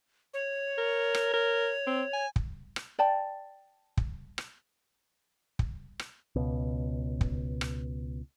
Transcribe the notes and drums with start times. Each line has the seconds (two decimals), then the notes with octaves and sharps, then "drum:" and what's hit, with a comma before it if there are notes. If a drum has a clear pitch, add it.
0.34 C#5
0.78 A#4
1.15 drum: rim click
1.33 A#4
1.87 C4
2.13 G#5
2.36 drum: kick
2.76 drum: rim click
2.99 D5 G5 A5
3.97 drum: kick
4.38 drum: rim click
5.59 drum: kick
5.99 drum: rim click
6.36 C#2 B2
7.21 drum: kick
7.61 drum: rim click